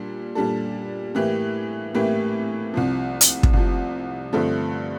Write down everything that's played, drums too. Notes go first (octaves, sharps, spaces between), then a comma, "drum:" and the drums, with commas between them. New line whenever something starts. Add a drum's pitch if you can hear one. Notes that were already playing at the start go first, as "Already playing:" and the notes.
Already playing: A#2 G3 D4
A#2 G3 D4 A4
A2 E3 A#3 E4 G4
A2 E3 A#3 E4 G4
C2 C3 F3
drum: hi-hat
drum: kick
C2 C3 F3
G2 D3 F3 A3 C4